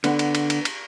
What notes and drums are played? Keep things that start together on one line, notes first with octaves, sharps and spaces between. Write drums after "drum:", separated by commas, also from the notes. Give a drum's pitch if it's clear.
D3 B3, drum: cymbal
drum: cymbal
drum: cymbal
drum: cymbal
drum: cymbal